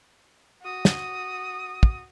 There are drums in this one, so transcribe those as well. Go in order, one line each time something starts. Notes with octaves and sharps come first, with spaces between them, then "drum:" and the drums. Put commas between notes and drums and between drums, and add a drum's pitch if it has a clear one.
F#4 D#6
drum: snare
drum: kick